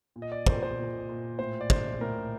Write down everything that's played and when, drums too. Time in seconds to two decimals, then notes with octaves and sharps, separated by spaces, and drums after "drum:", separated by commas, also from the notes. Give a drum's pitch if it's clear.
0.16 A#2
0.22 D#5
0.32 D5
0.46 A#2 C5, drum: kick
0.63 C5
0.78 A#2
1.09 A#2
1.39 A2 C5
1.61 D5
1.70 A2 C5, drum: kick
2.01 A2 A#4